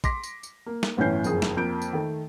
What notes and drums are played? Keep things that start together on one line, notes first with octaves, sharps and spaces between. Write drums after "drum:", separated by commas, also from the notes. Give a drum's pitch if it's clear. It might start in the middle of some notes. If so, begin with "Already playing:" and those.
C6 D6 A#6 B6, drum: kick A#1, tambourine
drum: tambourine
drum: tambourine
A#3
drum: snare
G1 A2 E3 C#4 G6 C7
F#1 F2 G#4, drum: tambourine
drum: snare
F2 A#3 G6 D7
drum: tambourine
D#3 A3